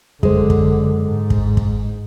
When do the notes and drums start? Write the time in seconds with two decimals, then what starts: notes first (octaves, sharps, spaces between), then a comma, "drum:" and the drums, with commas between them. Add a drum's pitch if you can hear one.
0.23 F#2 D3 G#3 C5, drum: kick
0.50 drum: kick
1.05 G#2
1.30 drum: kick
1.57 drum: kick